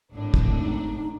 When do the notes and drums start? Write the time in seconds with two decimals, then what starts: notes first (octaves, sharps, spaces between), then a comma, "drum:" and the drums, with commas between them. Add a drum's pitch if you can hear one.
0.13 G#1 A2 D4
0.34 drum: kick
0.59 D#4